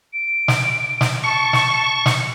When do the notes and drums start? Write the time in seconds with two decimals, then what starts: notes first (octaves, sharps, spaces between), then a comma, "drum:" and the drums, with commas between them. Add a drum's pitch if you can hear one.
0.13 D7
0.48 drum: snare
1.01 drum: snare
1.24 A5 C#6
1.53 drum: snare
2.06 drum: snare